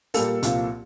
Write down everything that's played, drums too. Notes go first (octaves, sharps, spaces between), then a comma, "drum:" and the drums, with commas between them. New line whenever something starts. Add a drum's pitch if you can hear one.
A#2 G3 A#3 A4, drum: open hi-hat
C2 A#2 F3, drum: hi-hat